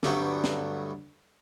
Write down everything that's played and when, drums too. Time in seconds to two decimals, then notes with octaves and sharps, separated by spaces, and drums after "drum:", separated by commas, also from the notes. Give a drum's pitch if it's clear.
0.03 D2 G2 F#3 A3 B3 G5, drum: snare
0.44 drum: snare